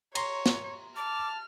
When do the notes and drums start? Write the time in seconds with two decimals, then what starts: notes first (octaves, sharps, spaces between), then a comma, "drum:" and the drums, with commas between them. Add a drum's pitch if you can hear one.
0.15 C#5 A#5 C6, drum: cymbal
0.46 drum: snare
0.96 A5 D6 F6